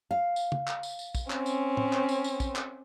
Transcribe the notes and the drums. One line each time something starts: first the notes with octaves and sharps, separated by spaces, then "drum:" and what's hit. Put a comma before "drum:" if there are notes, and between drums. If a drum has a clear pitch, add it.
F5
drum: tambourine
drum: tom
drum: clap
drum: tambourine
drum: tambourine
drum: kick, tambourine
C4 C#4, drum: clap
drum: tambourine
drum: tom
drum: clap
drum: tambourine
drum: tambourine
drum: kick, tambourine
drum: clap